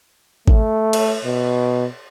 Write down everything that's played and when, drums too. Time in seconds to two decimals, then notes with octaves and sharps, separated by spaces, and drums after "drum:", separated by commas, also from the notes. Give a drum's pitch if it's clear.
0.48 A3, drum: kick G#1
0.93 drum: cymbal
1.25 B2